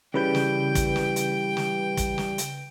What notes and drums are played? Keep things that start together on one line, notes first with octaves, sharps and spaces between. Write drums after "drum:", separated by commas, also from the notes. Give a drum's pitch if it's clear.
C#3 E3 G3 B4 G5 G6
drum: snare
drum: kick, hi-hat
drum: snare
drum: hi-hat
drum: snare
drum: kick, hi-hat
drum: snare
drum: hi-hat